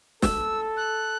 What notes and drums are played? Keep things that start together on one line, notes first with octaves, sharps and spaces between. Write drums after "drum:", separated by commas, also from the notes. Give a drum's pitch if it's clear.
A4 E6, drum: snare
F#6